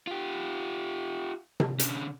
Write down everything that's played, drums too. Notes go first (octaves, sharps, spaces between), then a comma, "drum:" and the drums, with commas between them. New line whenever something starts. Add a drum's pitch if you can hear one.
F4 G4
drum: tom C3
D3 C#4, drum: hi-hat